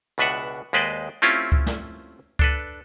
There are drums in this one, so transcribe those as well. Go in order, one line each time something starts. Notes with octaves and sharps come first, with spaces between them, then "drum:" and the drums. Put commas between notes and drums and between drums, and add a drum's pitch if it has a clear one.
C#2 B2 D4 B4 E5 F#5
D#2 G#3 B4 C5 D5 D#5
A3 C4 C#4 E4 F4 G4
drum: kick C#2
drum: snare
D4 A4 B4, drum: kick C#2